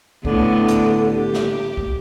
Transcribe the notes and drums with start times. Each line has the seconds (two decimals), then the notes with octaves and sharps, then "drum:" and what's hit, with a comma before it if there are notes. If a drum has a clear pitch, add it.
0.25 A2 D3 B3, drum: kick C2
0.68 drum: hi-hat
1.04 G4
1.34 drum: snare
1.77 drum: kick C2